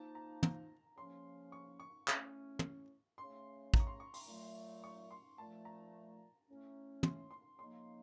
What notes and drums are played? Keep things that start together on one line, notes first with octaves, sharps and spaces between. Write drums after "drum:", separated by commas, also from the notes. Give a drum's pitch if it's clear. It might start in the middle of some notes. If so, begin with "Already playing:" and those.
Already playing: F3 A#3 D#4 A5
A#5
A#5, drum: tom
C#3 F3 A#3 C#4 C6
C#6
C#6
A2 A3 C#4, drum: clap
drum: tom
C#3 A3 C#4 C6
A#5, drum: kick
C#6
C6
C#6
C6, drum: open hi-hat
A#2 F#3 A3
C#6
C6
A#2 F3 A3 A5
A#5
A2 A3 C#4
C6, drum: tom
C6
C#3 F3 A#3 D#4 C6